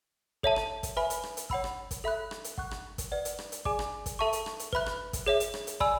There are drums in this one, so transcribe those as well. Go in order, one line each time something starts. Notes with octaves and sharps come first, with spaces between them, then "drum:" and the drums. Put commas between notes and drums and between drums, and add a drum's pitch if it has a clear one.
A4 C#5 E5 A5, drum: kick
drum: rim click
drum: kick, hi-hat
B4 E5 G#5 B5
drum: hi-hat
drum: rim click
drum: hi-hat
C#5 F#5 B5 E6, drum: kick
drum: rim click
drum: kick, hi-hat
A4 E5 B5 F#6
drum: rim click
drum: hi-hat
F#5 C#6 F#6, drum: kick
drum: rim click
drum: kick, hi-hat
B4 D5 F#5
drum: hi-hat
drum: rim click
drum: hi-hat
G#4 D5 G#5 D6, drum: kick
drum: rim click
drum: kick, hi-hat
A4 E5 A5 C#6
drum: hi-hat
drum: rim click
drum: hi-hat
B4 E5 B5 F#6, drum: kick
drum: rim click
drum: kick, hi-hat
G#4 C#5 E5
drum: hi-hat
drum: rim click
drum: hi-hat
D5 G#5 B5 E6, drum: kick